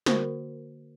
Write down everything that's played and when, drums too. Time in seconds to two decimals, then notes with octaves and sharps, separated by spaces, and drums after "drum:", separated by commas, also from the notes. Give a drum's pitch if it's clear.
0.06 D3 A#3 F#4 A#4 C5 C#6, drum: snare